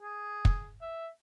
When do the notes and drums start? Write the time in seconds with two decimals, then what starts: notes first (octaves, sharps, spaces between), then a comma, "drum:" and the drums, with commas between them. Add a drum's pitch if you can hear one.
0.02 G#4
0.45 drum: kick
0.81 E5